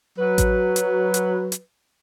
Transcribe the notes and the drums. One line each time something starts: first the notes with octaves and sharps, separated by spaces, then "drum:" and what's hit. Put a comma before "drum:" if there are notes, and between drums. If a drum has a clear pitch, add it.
F#3 B4
drum: kick A1, hi-hat
drum: hi-hat
drum: hi-hat
drum: hi-hat